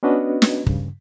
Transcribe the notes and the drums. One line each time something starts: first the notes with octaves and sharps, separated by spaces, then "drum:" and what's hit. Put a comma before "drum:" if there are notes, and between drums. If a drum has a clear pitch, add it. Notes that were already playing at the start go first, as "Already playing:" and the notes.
B3 C#4 D4 F#4 B4 D#5
drum: snare
G2 C#3, drum: kick